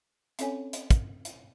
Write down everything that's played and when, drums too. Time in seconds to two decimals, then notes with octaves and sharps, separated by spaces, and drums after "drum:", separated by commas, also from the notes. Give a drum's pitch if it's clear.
0.39 C4 C#4 A4 C#5 G#5, drum: hi-hat
0.73 drum: hi-hat
0.91 drum: kick, hi-hat
1.25 drum: hi-hat